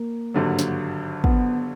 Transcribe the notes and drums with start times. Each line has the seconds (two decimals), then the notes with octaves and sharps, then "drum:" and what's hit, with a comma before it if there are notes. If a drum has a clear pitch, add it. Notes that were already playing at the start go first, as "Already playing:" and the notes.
Already playing: A#3
0.34 G#1 G2 D3 F#3
0.59 drum: snare
1.24 B3, drum: kick